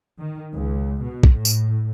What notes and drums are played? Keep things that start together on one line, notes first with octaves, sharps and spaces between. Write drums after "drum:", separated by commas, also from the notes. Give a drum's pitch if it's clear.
D#3
C#2
B2
drum: kick
A2
drum: tambourine